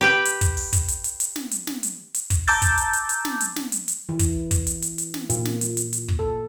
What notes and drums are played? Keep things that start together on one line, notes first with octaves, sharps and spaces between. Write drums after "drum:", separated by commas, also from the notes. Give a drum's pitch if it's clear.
G4 B4 G5
drum: hi-hat
drum: kick, hi-hat
drum: open hi-hat
drum: kick, hi-hat
drum: hi-hat
drum: hi-hat
drum: hi-hat
drum: snare
drum: hi-hat
drum: snare
drum: hi-hat
drum: hi-hat
drum: kick, hi-hat
A5 A#5 D6 E6 G6 A6, drum: open hi-hat
drum: kick, hi-hat
drum: hi-hat
drum: hi-hat
drum: hi-hat
drum: snare
drum: hi-hat
drum: snare
drum: hi-hat
drum: hi-hat
E3
drum: kick, hi-hat
drum: kick, hi-hat
drum: hi-hat
drum: hi-hat
drum: hi-hat
drum: snare
A#2, drum: hi-hat
drum: snare
drum: hi-hat
drum: hi-hat
drum: hi-hat
drum: kick
A4